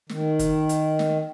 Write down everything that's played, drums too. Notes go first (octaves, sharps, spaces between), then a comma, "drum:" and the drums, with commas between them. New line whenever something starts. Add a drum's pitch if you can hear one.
D#3, drum: snare
drum: kick G1, hi-hat
drum: hi-hat
drum: snare